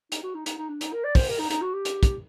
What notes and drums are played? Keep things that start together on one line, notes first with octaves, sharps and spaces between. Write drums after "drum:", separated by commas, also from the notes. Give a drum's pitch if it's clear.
D#4, drum: hi-hat
F#4
D#4
D#4, drum: hi-hat
D#4
D4
D#4, drum: hi-hat
A#4
D5
C5, drum: kick, open hi-hat
A#4
D#4
D#4, drum: hi-hat
F#4
G4
drum: hi-hat
drum: kick, hi-hat